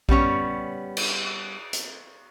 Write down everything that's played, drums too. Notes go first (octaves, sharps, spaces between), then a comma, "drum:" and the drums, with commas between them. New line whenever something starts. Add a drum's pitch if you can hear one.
G3 B3 C#4 C#5, drum: kick A#1
drum: cymbal
drum: hi-hat